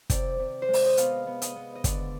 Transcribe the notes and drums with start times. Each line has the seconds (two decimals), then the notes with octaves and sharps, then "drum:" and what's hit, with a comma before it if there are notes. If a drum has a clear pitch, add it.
0.10 C3 D5, drum: kick, hi-hat
0.39 C3
0.62 C5
0.68 G#3
0.73 D5, drum: open hi-hat
0.85 D#5
0.97 B3 F5, drum: hi-hat
1.27 B3
1.42 D#5, drum: hi-hat
1.56 B3
1.75 D#5
1.84 D3 D5, drum: kick, hi-hat